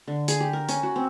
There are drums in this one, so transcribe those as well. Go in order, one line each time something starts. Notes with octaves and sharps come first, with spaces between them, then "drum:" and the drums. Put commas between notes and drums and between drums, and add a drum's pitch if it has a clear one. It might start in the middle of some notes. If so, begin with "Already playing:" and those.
D3
G#4, drum: hi-hat
G4
A#4
C#4, drum: hi-hat
F#4
C4